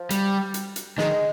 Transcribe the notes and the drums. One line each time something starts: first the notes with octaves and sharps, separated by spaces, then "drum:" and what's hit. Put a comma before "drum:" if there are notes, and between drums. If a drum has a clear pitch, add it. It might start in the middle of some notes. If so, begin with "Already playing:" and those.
Already playing: F3
G3, drum: hi-hat
drum: hi-hat
drum: hi-hat
D#3 G#3, drum: snare